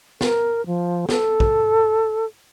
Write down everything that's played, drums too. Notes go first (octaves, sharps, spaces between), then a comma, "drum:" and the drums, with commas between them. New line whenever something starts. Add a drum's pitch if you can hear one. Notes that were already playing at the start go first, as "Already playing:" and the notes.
A#4, drum: snare
F3
A4, drum: snare
drum: kick